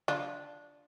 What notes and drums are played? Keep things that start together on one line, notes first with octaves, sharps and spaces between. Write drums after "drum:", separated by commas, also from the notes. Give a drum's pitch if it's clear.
D4 F4, drum: snare